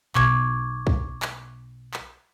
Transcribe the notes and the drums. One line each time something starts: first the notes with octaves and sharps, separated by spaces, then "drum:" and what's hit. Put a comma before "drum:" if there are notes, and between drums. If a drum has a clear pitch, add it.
B1 B2 C#6 D6 G#6, drum: clap
drum: kick
drum: clap
drum: clap